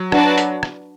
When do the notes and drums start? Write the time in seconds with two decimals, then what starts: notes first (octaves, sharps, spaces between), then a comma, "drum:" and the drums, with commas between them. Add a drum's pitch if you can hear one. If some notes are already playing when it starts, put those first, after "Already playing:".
Already playing: F#3
0.12 D4 F#4 B4 D5 A5, drum: rim click
0.38 drum: hi-hat
0.63 drum: rim click